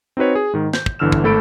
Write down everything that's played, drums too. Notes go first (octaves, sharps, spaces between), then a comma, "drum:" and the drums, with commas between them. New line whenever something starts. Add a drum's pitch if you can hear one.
C4 D#4 F#4 B4 C#5
G#4
G#2 D#3
G6, drum: snare
drum: kick
G1 D3 E3 E6 F6 E7
drum: kick
G#1 A3 A4 B5 A6 D7